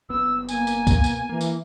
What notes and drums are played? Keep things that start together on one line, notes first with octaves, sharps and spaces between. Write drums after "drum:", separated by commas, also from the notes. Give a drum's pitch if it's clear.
F#1 B3 E6
A#3 G#5, drum: tambourine
drum: tambourine
B2, drum: kick, tambourine
drum: tambourine
E3 A#3
drum: tambourine